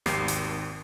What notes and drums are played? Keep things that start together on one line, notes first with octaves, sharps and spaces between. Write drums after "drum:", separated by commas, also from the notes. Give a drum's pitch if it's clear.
G#1 D#2 G4 C7, drum: snare
drum: hi-hat